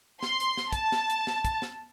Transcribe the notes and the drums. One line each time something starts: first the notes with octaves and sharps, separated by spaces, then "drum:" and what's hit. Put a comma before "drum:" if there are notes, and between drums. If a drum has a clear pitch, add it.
C6, drum: snare
drum: hi-hat
drum: snare
A5, drum: kick, hi-hat
drum: snare
drum: hi-hat
drum: snare
drum: kick, hi-hat
drum: snare